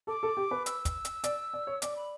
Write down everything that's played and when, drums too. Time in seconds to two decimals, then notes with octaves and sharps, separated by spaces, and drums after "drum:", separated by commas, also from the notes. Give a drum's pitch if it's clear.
0.07 A4 D6
0.23 A4
0.37 G4
0.51 B4
0.66 E6, drum: hi-hat
0.85 drum: kick, hi-hat
1.05 drum: hi-hat
1.24 D5, drum: hi-hat
1.53 D5
1.67 C#5
1.82 D5 D6, drum: hi-hat
1.96 B5